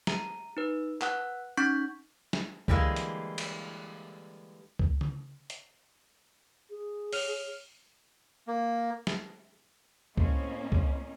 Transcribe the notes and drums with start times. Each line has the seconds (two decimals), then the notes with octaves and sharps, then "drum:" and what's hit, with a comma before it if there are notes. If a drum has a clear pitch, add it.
0.07 A#5, drum: snare
0.57 D#4 B4
1.01 B4 F#5 F#6, drum: clap
1.57 C#4 D#4 C#6 G6 G#6 B6
2.33 drum: snare
2.68 D3 E3 G3 G#3 A#3, drum: kick C#2
2.96 drum: hi-hat
3.38 drum: cymbal
4.79 drum: kick C#2
5.01 drum: tom C#3
5.50 drum: hi-hat
6.70 G#4
7.13 C#5 F6 F7, drum: open hi-hat
8.48 A#3
9.07 drum: snare
10.17 A2 A#3 C4 C#4 D#5, drum: kick C#2
10.72 drum: kick C#2